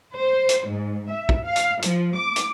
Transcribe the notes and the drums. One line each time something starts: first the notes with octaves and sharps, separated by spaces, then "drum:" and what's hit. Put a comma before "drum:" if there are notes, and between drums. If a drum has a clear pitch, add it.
C5
drum: hi-hat
G#2
E5
drum: kick
F5
drum: hi-hat
F3, drum: hi-hat
D6
drum: hi-hat